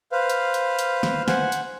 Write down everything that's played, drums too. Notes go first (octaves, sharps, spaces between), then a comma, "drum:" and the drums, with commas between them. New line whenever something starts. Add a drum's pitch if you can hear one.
B4 C5 F5
drum: hi-hat
drum: hi-hat
drum: hi-hat
drum: snare
C5 F#5 G#5, drum: snare
drum: hi-hat